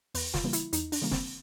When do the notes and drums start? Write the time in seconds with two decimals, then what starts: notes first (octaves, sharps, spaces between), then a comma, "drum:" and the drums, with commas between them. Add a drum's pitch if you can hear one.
0.14 E2 B4, drum: open hi-hat
0.34 F4, drum: snare
0.44 C#3 E3 G3 A#3
0.53 E4, drum: hi-hat
0.73 E2 D#4, drum: hi-hat
0.92 D4, drum: open hi-hat
1.02 C#3 E3 G3 A#3
1.11 C4, drum: snare